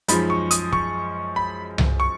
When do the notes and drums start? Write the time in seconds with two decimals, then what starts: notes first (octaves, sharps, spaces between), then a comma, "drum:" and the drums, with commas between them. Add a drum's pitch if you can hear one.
0.08 F#2 F3 G#3 D#4 B5, drum: hi-hat
0.30 C#6
0.51 D#6, drum: hi-hat
0.73 C#6, drum: kick
1.36 B5
1.78 drum: tom C2
2.00 C#6